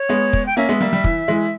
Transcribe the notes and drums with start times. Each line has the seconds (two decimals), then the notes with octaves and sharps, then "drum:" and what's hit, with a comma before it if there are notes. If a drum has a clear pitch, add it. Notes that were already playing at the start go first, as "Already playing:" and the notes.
Already playing: C#5
0.09 G#3 B3
0.33 drum: kick
0.46 G5
0.57 A#3 C#4 E5
0.69 G#3 B3
0.81 G3 A#3
0.93 G3
1.04 E3, drum: kick
1.28 E3 G#3